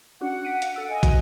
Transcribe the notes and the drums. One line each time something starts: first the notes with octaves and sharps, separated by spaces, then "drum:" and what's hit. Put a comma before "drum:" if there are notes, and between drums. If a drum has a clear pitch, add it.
C#4 D4 F#4 F#5
B6 D7 D#7
F5, drum: hi-hat
A4 E6 D7
D#5 G#5
F#4, drum: kick, hi-hat